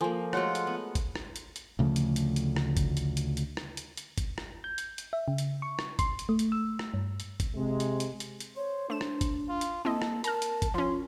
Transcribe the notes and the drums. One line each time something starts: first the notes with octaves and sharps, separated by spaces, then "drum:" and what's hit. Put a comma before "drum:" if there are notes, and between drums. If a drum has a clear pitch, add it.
F3 A#3 A4 G#5 C6
G#3 A3 F4 F#4 C#5 F#5, drum: rim click
drum: hi-hat
B3
drum: kick, hi-hat
drum: rim click
drum: hi-hat
drum: hi-hat
D2 C#3 F3 A3
drum: hi-hat
drum: hi-hat
drum: hi-hat
drum: rim click
drum: kick, hi-hat
drum: hi-hat
drum: hi-hat
drum: hi-hat
drum: rim click
drum: hi-hat
drum: hi-hat
drum: kick, hi-hat
drum: rim click
G6
drum: hi-hat
drum: hi-hat
E5
C#3
drum: hi-hat
C#6
drum: rim click
C6, drum: kick, hi-hat
drum: hi-hat
A3
drum: hi-hat
E6
drum: rim click
G2
drum: hi-hat
drum: kick, hi-hat
C3 G#3
drum: hi-hat
drum: hi-hat
drum: hi-hat
drum: hi-hat
C5 C#5
A3 D4 E7
drum: rim click
drum: kick, hi-hat
F4
drum: hi-hat
A#3 C4 E4 A4 D#5
drum: rim click
A#4 A5 A#5 F6, drum: hi-hat
drum: hi-hat
drum: kick, hi-hat
F3 C#4 F4 C6